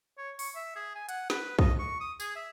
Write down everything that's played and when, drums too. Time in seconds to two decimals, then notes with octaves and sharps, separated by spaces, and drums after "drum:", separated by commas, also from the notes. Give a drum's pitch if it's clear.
0.18 C#5
0.39 C#6, drum: open hi-hat
0.56 E5
0.76 G#4
0.95 G#5
1.09 F#5, drum: hi-hat
1.30 B4, drum: snare
1.59 D#5, drum: kick
1.79 C#6
2.01 D#6
2.20 G#4, drum: tambourine
2.36 E5